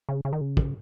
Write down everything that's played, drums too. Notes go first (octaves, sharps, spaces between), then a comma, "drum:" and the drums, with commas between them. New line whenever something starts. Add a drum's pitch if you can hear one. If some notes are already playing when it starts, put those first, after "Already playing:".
C#3
C#3
D#3
C#3
drum: kick